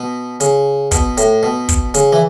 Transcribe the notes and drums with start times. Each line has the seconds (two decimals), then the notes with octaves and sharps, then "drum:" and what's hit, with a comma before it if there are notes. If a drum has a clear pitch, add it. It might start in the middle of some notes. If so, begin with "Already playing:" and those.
Already playing: B2
0.40 C#3, drum: hi-hat
0.91 B2, drum: kick, hi-hat
1.17 A2, drum: hi-hat
1.43 B2
1.69 drum: kick, hi-hat
1.94 C#3, drum: hi-hat
2.13 E3